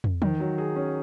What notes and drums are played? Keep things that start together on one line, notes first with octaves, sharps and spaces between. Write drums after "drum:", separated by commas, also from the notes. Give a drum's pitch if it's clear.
drum: tom
D#3, drum: tom
F#3
G#4
C#4